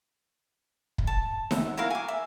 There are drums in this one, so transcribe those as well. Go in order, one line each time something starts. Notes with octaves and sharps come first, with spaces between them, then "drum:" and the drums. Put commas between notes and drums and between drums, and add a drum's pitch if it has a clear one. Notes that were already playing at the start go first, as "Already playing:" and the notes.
drum: kick
A5
E5 F#5, drum: snare D#4
E4 F#4 A#4 F5
G#5 D6
E5